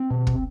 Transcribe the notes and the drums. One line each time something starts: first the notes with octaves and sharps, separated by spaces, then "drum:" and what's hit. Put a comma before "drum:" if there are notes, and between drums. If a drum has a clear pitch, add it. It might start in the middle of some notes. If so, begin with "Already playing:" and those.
Already playing: C4
B2
drum: kick